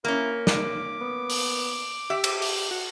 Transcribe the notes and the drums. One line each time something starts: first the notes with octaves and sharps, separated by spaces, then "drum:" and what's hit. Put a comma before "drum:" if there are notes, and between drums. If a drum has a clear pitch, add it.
A#3 C#4 E4 A#4
D6, drum: snare
B3
drum: open hi-hat
G4 E5
drum: cymbal
drum: open hi-hat
F#4